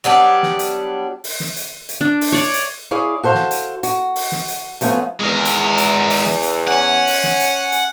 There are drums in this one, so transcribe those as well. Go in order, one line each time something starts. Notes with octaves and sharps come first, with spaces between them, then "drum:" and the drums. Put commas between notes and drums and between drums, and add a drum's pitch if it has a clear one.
F#3 G3 B3 D4
drum: snare
drum: hi-hat
drum: open hi-hat
drum: snare
drum: hi-hat
drum: hi-hat
D4
drum: open hi-hat
C#5 D5
drum: hi-hat
E4 G#4 C#5 D5 F5
F#4 A4 C5 E5 F5
drum: snare
drum: hi-hat
F#4, drum: hi-hat
drum: open hi-hat
drum: snare
drum: hi-hat
F3 G3 A3 B3 C#4 F4, drum: hi-hat
E2 G#3 A#4
drum: hi-hat
drum: hi-hat
drum: open hi-hat
drum: snare
drum: hi-hat
C#4 F#5 G#5
drum: open hi-hat
drum: snare
drum: hi-hat
drum: hi-hat